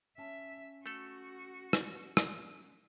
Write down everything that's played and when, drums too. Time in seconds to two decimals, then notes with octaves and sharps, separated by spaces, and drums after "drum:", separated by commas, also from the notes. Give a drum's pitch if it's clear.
0.18 C#4 E5 A5
0.86 A3 F#4 A4
1.73 drum: rim click
2.17 drum: rim click